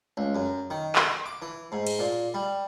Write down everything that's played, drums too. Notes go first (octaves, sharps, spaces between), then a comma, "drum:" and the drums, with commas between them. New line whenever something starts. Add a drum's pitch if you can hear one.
C#2
F#2
D#3
C6, drum: clap
D6
E3
G#2
drum: cymbal
A#2
G3